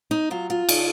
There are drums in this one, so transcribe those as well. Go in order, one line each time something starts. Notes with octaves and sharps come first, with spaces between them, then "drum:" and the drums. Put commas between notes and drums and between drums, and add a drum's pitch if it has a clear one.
D#4
F#3 F4
F4
C#3, drum: cymbal